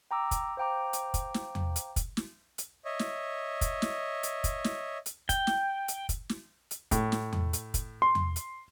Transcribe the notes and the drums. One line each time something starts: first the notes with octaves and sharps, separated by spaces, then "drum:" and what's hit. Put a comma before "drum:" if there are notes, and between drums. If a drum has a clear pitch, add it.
G5 A#5 D6 E6
drum: kick, hi-hat
C5 F5 G5 A#5 D6
drum: hi-hat
drum: kick, hi-hat
drum: snare
drum: tom E2
drum: hi-hat
drum: kick, hi-hat
drum: snare
drum: hi-hat
C#5 D#5 E5
drum: snare
drum: kick, hi-hat
drum: snare
drum: hi-hat
drum: kick, hi-hat
drum: snare
drum: hi-hat
G5, drum: kick, hi-hat
drum: snare
drum: hi-hat
drum: kick, hi-hat
drum: snare
drum: hi-hat
A2, drum: kick, hi-hat
drum: snare
drum: tom E2
drum: hi-hat
drum: kick, hi-hat
C6
drum: tom E2
drum: hi-hat